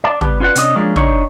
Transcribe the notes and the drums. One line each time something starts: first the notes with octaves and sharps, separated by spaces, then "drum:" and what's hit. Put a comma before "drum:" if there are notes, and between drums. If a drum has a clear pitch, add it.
D5 A5
G3 B3 G4, drum: tom
C#4 F4 B4 D5 F#5
C3 C#4 D4 C#5 D#5, drum: hi-hat
F3 G#3 A#3 C#4 D4
D4 D#4 G4 C#5, drum: tom